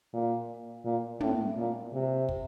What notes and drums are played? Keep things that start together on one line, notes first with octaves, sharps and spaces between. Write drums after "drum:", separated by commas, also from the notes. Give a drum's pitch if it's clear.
A#2
A#2
A2, drum: tom
A#2
C3
drum: kick